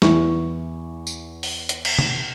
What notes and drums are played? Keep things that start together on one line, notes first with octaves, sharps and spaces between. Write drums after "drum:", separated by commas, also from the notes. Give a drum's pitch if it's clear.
E2 E4 C#6, drum: snare
drum: tambourine
drum: open hi-hat
drum: hi-hat
drum: cymbal
drum: tom C3